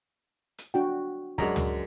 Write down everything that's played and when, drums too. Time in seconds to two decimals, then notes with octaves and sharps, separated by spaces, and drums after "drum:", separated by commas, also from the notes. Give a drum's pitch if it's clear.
0.58 drum: hi-hat
0.74 D4 F#4 G5
1.38 F#2 G#3 D4 A#5, drum: kick
1.56 drum: tom C#2